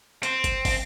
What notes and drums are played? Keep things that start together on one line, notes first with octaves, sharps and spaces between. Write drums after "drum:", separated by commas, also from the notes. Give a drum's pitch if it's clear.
C4, drum: hi-hat
drum: kick, hi-hat
drum: kick, open hi-hat